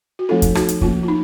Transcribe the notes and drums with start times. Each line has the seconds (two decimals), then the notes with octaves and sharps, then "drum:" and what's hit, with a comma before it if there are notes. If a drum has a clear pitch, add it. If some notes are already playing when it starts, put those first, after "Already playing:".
0.19 F#4
0.29 F3 A3 C4 D#4 F4 A4
0.42 drum: kick, hi-hat
0.55 D#4 F#4, drum: rim click
0.69 drum: hi-hat
0.81 F3 A#3 C#4 F4, drum: kick
1.03 F4
1.08 D#4